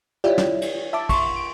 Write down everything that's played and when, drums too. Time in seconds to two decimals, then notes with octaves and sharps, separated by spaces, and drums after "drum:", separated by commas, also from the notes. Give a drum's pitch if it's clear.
0.24 E4 F4 G4 C#5 D5
0.38 drum: snare
0.62 drum: cymbal
0.93 E5 A5 D6
1.09 C6 C#6, drum: kick, cymbal
1.36 D7